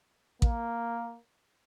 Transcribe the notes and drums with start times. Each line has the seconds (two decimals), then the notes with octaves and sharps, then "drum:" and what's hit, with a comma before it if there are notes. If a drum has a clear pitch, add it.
0.42 A#3, drum: kick A1